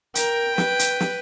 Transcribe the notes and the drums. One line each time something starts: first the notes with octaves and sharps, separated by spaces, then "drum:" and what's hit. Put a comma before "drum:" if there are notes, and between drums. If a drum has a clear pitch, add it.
A#4 G5, drum: hi-hat
B4, drum: snare
drum: hi-hat
drum: snare